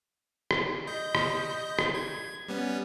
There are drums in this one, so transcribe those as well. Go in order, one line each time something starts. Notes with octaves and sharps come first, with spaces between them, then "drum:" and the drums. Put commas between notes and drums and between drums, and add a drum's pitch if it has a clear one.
drum: rim click
D#5 G6
drum: rim click
drum: rim click
G#6
G3 B3 C#4